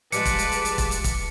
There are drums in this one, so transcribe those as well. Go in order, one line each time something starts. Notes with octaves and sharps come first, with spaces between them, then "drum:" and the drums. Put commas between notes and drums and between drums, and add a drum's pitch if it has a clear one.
F3 G3 G#3 B4 A5 D6 C#7, drum: hi-hat
drum: kick, hi-hat
drum: hi-hat
drum: hi-hat
drum: hi-hat
drum: kick, hi-hat
drum: hi-hat
drum: kick, hi-hat